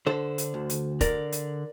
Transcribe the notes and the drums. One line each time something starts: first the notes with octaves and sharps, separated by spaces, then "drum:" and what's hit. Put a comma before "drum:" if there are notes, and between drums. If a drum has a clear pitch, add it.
D3 A4 C5
drum: hi-hat
D2
drum: hi-hat
D3 A#4 D5, drum: kick E1, hi-hat
drum: hi-hat